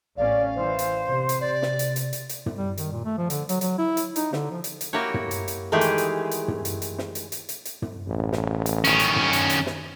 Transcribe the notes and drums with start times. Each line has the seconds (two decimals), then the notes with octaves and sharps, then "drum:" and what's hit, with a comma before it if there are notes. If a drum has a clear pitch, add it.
0.17 A1 C#4 D5 F5
0.55 E3 C5
0.79 drum: hi-hat
1.03 C3
1.29 drum: hi-hat
1.40 D5
1.62 drum: snare
1.79 drum: hi-hat
1.96 drum: hi-hat
2.13 drum: hi-hat
2.29 drum: hi-hat
2.46 drum: tom
2.57 G3
2.78 D#3, drum: hi-hat
2.92 A#2
3.05 A3
3.18 F3
3.30 D3, drum: hi-hat
3.49 F#3, drum: hi-hat
3.61 F#3, drum: hi-hat
3.78 E4
3.97 drum: hi-hat
4.16 D#4, drum: hi-hat
4.33 D3, drum: snare
4.51 F3
4.64 drum: hi-hat
4.81 drum: hi-hat
4.93 A#3 E4 F#4 G4 C#5
5.14 drum: tom
5.31 drum: hi-hat
5.48 drum: hi-hat
5.72 D#3 E3 G#3 A3 G4 G#4
5.81 drum: hi-hat
5.98 drum: hi-hat
6.31 drum: hi-hat
6.48 drum: tom
6.65 drum: hi-hat
6.82 drum: hi-hat
6.98 drum: snare
7.15 drum: hi-hat
7.32 drum: hi-hat
7.49 drum: hi-hat
7.65 drum: hi-hat
7.82 drum: tom
8.07 A1
8.32 drum: snare
8.66 drum: hi-hat
8.84 D#3 C#4, drum: hi-hat
8.99 drum: hi-hat
9.16 drum: tom
9.33 drum: hi-hat
9.50 drum: hi-hat
9.66 drum: snare